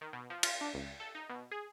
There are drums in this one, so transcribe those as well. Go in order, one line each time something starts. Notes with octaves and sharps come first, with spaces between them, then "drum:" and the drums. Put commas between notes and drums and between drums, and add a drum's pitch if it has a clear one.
D#3
B2
F3
F4, drum: cymbal
D4
C#2
A4
D#4
B2
G#4